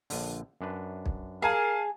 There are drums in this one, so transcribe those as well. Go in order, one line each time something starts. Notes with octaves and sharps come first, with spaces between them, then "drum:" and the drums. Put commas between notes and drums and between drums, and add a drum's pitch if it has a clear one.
A#1 D3, drum: open hi-hat
F#2 D4 B4
drum: kick B1
G#4 A#4 F5 G#5 A5